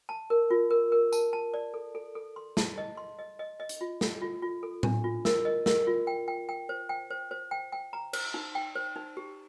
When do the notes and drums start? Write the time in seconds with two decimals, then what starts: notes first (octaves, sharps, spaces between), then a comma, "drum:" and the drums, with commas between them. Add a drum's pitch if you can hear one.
0.09 A5
0.30 A#4
0.50 F4
0.71 A#4
0.92 A#4
1.13 A5, drum: tambourine
1.33 A5
1.54 D5
1.74 A4
1.95 A4
2.15 A4
2.36 C6
2.57 A5, drum: snare
2.78 D#5
2.97 C6
3.19 D#5
3.39 D#5
3.60 D#5
3.69 drum: hi-hat
3.81 F4
4.01 A4, drum: snare
4.22 F4
4.42 F4
4.63 A4
4.83 D4, drum: tom A2
5.04 F4
5.25 A#4, drum: snare
5.45 D#5
5.66 A#4, drum: snare
5.87 F4
6.07 G5
6.28 G5
6.49 G5
6.69 C5
6.89 G5
7.10 C5
7.31 C5
7.51 G5
7.72 G5
7.93 A#5
8.13 C5, drum: cymbal
8.34 D#4
8.55 G5
8.75 C5
8.96 D#4
9.17 G4